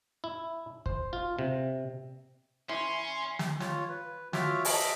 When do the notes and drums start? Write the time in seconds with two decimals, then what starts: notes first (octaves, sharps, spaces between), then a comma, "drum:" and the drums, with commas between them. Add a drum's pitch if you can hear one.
0.24 E4
0.86 C5, drum: kick
1.13 F4
1.39 C3
2.69 E3 C#4 C6
3.39 drum: snare
3.60 F4 C#5, drum: snare
3.89 B4
4.33 F4 F#4 C#5 E5 D6 F6, drum: snare
4.65 D#5 E5 A5, drum: open hi-hat